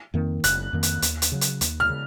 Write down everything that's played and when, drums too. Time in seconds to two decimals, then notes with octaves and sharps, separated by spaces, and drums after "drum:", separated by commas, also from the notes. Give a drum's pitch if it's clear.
0.14 F2 D#3 A#3
0.44 F#1 F#6, drum: hi-hat
0.73 F2 D#3 A#3
0.83 drum: hi-hat
1.02 D#2, drum: hi-hat
1.22 drum: hi-hat
1.32 C#3 F#3
1.41 drum: hi-hat
1.61 D#2, drum: hi-hat
1.80 F6
1.90 C#3